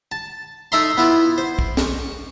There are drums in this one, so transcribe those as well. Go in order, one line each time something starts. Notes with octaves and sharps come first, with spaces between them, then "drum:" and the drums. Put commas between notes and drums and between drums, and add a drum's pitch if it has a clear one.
A5
D#4 A4 E5 A#5 C6
B3 E4 F4
C5
drum: kick
C#6, drum: snare